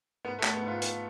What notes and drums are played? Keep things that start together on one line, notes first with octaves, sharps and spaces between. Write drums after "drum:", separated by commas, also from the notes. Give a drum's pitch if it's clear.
G#2 B3
A3
G#2, drum: clap
B3
G#2
F4
G#2, drum: hi-hat